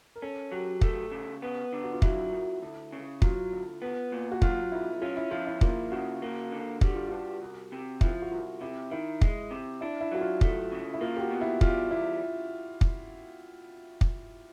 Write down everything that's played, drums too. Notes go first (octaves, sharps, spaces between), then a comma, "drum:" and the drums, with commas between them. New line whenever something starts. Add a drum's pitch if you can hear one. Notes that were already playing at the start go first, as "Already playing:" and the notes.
A#4
C#4 A4
F#3 G4
A3, drum: kick
C#3
B3
D3
F#4
F4
F#3 E4, drum: kick
F#2
D2
C#3
F#3 F4, drum: kick
D2
B3
A#2
F#4
F#3 F4, drum: kick
B1 E4
C#4 F4
E4
F3 F4
E4
A#3 F4, drum: kick
C#3 F#4
A#3
D3
G3 F#4, drum: kick
F4
G2 F#4
C2
C3
F3 E4, drum: kick
F#4
C2 F4
C3 E4
D#3 E4
G#3, drum: kick
C3
D4 E4
E4
F#3 F#4
F4
A3, drum: kick
C#3
E4
A#3 F4
G4
F#4
B2
E4
G3 F4, drum: kick
E2 E4
drum: kick
drum: kick